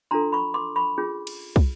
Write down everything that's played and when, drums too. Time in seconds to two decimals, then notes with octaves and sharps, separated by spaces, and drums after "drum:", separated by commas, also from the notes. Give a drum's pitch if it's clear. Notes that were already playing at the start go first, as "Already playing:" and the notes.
0.11 D4 F4 A4 A#5 C6
0.32 B5 C#6
0.54 C6 D6
0.76 B5 C#6
0.98 C#4 F4 G#4
1.27 drum: cymbal
1.56 drum: kick